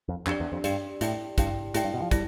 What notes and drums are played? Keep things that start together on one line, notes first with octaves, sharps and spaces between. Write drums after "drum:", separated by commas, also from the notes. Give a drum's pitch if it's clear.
F2
F2 D4 G4 D5, drum: clap
E2
F2
G2 D4 G4 D5, drum: hi-hat
A2 E4 G4 D5 G5, drum: hi-hat
G2 E4 G4 D5 G5, drum: kick, hi-hat
A2 E4 G4 D5 G5, drum: hi-hat
G2
B2
F3
G3 E4, drum: kick, hi-hat